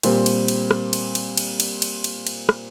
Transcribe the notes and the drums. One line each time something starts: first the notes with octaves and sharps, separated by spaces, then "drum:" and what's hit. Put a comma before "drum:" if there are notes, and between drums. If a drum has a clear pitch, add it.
A#2 G3 C4, drum: cymbal
drum: cymbal
drum: cymbal
drum: rim click
drum: cymbal
drum: cymbal
drum: cymbal
drum: cymbal
drum: cymbal
drum: cymbal
drum: cymbal
drum: rim click